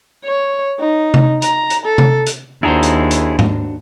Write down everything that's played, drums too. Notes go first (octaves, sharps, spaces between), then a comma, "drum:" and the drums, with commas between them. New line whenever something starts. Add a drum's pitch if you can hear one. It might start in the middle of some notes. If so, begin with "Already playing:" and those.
C#5
D#4
drum: tom C3
A#5, drum: hi-hat
drum: hi-hat
A4
drum: tom C3
drum: hi-hat
D#2 D4 E4 F#4 G#4 C5 A#5
drum: hi-hat
drum: hi-hat
drum: tom G#2